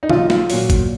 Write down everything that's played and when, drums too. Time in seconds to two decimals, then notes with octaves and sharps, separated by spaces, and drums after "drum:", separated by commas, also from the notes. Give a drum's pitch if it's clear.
0.03 D#4
0.09 B1 F4, drum: tom
0.30 drum: snare
0.50 A#2 F#3, drum: open hi-hat
0.70 drum: kick, hi-hat